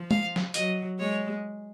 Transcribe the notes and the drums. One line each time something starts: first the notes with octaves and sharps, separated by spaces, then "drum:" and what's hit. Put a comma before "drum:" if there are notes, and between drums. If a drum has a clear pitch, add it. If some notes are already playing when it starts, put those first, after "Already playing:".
Already playing: F3
F5, drum: tom
drum: snare
F#3 D#5, drum: hi-hat
G#3 C#5